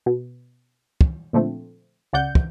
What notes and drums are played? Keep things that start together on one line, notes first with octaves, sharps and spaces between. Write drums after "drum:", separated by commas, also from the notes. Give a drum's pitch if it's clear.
B2
drum: kick
A#2 D3 F3 A3 C4
C#2 C#3 D5 F#5 G6
drum: kick